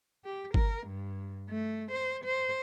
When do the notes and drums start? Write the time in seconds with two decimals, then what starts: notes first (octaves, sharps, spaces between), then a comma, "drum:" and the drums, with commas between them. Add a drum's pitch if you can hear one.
0.25 G4
0.54 A#4, drum: kick G1
0.87 G2
1.50 A3
1.91 C5
2.25 C5